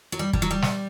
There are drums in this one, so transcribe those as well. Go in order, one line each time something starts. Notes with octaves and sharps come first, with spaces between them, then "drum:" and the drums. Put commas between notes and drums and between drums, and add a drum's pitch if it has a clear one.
F#3
G3
G3, drum: kick
F#3
G3
drum: snare